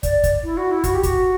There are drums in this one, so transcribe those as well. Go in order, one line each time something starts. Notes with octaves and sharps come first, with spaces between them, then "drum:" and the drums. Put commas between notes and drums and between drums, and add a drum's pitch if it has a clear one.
D5, drum: kick, hi-hat
drum: kick, hi-hat
E4
F#4
E4
F#4, drum: kick, hi-hat
G4
F#4, drum: kick, hi-hat